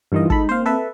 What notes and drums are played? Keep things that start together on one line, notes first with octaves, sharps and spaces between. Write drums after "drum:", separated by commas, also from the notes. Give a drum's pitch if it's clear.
G2 D#3 E3 F4 D#5
G#3 D#4 A4 B5, drum: kick
A#3 C4 C5 F5
A4 B4 E5